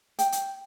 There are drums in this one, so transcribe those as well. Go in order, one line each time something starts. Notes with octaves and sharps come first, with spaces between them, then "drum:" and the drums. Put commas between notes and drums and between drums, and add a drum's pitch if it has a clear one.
G5, drum: hi-hat
drum: hi-hat